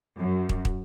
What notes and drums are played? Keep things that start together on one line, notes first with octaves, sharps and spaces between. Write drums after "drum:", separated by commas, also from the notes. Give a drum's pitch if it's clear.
F#2
drum: kick
drum: kick